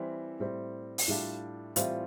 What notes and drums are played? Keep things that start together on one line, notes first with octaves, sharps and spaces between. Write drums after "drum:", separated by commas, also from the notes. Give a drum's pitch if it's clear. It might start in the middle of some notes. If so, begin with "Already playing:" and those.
Already playing: E3 G3 C4 E4
A2 G3 C4
drum: open hi-hat
A2 G3 D4 F4
A2 E3 G3 C4 F4, drum: hi-hat